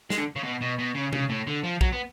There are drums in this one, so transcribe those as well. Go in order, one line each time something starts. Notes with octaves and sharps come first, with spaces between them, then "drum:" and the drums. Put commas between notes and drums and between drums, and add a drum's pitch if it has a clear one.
G#3, drum: snare
D3
C#3
B2
B2
B2
C#3
C#3, drum: tom C3
A2
D3
F3
F#3, drum: kick
B3